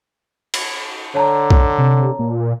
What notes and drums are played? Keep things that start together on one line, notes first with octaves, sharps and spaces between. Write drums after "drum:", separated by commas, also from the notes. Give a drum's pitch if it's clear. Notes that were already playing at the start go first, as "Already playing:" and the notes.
drum: cymbal
D3 C#5 A5 A#5
drum: kick
C3
A#2